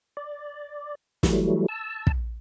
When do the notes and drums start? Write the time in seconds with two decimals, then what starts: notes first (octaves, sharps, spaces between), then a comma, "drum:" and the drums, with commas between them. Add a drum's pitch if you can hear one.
0.17 D5
1.23 E3 F#3 G3 A3, drum: snare
1.68 A5 E6
2.07 drum: kick